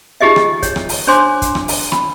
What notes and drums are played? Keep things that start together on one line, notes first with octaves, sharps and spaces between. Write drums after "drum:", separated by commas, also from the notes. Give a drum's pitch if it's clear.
D#4 F4 G4 G#4 D#5 E5
drum: rim click
C#5, drum: kick, hi-hat
drum: rim click
drum: open hi-hat
D4 C5 C#5 G#5 C6 D6
drum: kick, hi-hat
drum: rim click
drum: open hi-hat
B5, drum: rim click